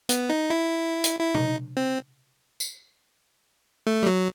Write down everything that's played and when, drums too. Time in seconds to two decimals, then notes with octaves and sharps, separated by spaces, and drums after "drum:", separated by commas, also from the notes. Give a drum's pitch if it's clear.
0.09 B3, drum: hi-hat
0.30 D#4
0.50 E4
1.04 drum: hi-hat
1.20 E4
1.35 D#4, drum: tom B2
1.77 C4
2.60 drum: tambourine
3.87 A3
4.03 G3
4.06 F#3